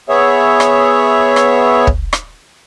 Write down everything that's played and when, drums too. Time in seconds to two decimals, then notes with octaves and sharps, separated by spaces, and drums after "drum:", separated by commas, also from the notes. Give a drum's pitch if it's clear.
0.09 B3 G#4 C#5 E5
0.60 drum: rim click
1.36 drum: rim click
1.87 drum: kick
2.13 drum: rim click